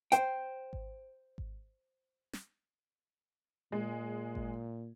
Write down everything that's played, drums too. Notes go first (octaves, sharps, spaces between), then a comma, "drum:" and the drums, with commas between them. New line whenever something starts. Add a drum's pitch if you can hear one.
C5 G5, drum: hi-hat
drum: kick G#1
drum: kick G#1
drum: snare
A#2 G#3
drum: kick G#1